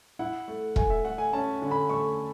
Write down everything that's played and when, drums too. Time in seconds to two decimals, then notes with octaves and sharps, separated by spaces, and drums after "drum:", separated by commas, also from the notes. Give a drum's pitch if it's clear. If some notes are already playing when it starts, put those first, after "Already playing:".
0.19 E4 F#5
0.48 A3
0.76 A3 G#5, drum: kick E1
0.90 E5
1.05 A3 F#5
1.18 G#5
1.33 C#4 A5
1.62 D3
1.71 B5
1.89 A3 C#6